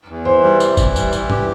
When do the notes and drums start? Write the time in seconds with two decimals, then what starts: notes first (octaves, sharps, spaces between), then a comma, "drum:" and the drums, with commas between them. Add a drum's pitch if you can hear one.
0.08 E2
0.25 E3 C5
0.43 G3
0.60 C3, drum: tambourine
0.77 E3, drum: kick, tambourine
0.96 G3, drum: tambourine
1.13 E3, drum: tambourine
1.30 G4, drum: tom